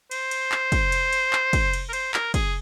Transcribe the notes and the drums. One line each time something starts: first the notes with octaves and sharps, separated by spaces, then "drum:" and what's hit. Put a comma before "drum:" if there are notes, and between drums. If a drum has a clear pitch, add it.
C5, drum: cymbal
drum: cymbal
drum: clap
drum: kick, cymbal
drum: cymbal
drum: cymbal
drum: clap
drum: kick, cymbal
drum: cymbal
A#4
C5, drum: cymbal
A#4, drum: clap
G#4, drum: kick, cymbal